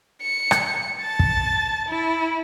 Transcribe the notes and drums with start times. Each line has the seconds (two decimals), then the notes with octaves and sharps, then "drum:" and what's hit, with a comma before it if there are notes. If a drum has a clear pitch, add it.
0.23 C#7
0.51 drum: rim click
1.02 A5 A6
1.19 drum: kick
1.88 E4